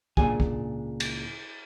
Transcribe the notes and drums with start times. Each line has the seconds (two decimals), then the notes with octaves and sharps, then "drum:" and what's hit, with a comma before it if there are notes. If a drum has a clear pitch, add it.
0.17 C#2 A#2 D4 G#4 G#5, drum: kick
0.40 drum: kick
1.00 drum: cymbal